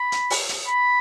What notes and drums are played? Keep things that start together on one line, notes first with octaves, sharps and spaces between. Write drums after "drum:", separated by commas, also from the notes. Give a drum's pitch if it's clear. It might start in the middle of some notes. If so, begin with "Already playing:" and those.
Already playing: B5
drum: hi-hat
drum: open hi-hat
drum: hi-hat
B5